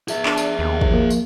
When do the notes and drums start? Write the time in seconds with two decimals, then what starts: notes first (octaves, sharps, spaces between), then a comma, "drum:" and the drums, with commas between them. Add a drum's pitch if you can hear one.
0.08 G#4 E5, drum: tambourine
0.26 D4, drum: clap
0.38 drum: tambourine
0.59 D#2
0.81 drum: kick
0.91 F3 A#3
1.11 drum: tambourine